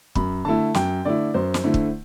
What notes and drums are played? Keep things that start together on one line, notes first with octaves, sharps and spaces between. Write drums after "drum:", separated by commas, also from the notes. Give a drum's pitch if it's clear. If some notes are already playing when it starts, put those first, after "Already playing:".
F#2 B5, drum: kick
D3 A3 E4 A5
F#2 G5, drum: snare
D3 A3 E4 D5
F#2 C5
drum: snare
D3 A3 E4
drum: kick